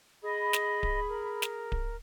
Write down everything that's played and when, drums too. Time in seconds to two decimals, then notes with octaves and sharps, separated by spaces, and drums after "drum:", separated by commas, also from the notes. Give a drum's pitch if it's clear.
0.24 G#4 D#5 B5
0.53 drum: snare
0.83 drum: kick D1
1.09 A#4
1.42 drum: snare
1.72 drum: kick D1